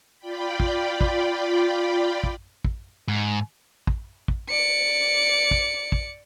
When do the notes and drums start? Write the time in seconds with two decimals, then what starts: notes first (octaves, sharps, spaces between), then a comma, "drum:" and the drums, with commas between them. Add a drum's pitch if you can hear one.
0.19 F4 D5 G5 B5
0.60 drum: kick
1.01 drum: kick
2.24 drum: kick
2.65 drum: kick
3.08 G#2
3.87 drum: kick
4.28 drum: kick
4.49 D5 C#7
5.51 drum: kick
5.92 drum: kick